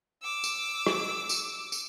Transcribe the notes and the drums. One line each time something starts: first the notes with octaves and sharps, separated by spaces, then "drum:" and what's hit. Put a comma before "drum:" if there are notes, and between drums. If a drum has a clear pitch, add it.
D6 E6
drum: tambourine
drum: rim click
drum: tambourine
drum: tambourine